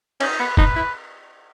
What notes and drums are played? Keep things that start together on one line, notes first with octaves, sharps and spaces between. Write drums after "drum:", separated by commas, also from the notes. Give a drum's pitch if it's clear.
C#4 D#4, drum: cymbal
B3 B4
D#4 B4, drum: kick
E4